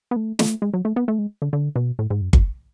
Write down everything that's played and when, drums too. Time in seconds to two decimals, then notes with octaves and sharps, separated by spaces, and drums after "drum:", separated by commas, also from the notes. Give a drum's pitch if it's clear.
0.11 B3
0.16 A3
0.39 A3, drum: snare
0.62 G#3
0.74 F#3
0.85 A3
0.96 B3
1.08 A3
1.18 G#3
1.42 D3
1.53 D3
1.76 B2
1.99 A2
2.10 G#2
2.21 F#2
2.33 F#2, drum: kick G1